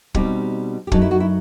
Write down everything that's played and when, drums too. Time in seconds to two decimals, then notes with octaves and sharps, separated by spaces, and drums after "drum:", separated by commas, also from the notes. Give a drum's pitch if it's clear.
0.14 B2 G3 C4 D#4 G4, drum: kick
0.87 G4
0.92 F#2 F#3 A3 D#4 A4, drum: kick
1.02 E4
1.11 F#4
1.20 E4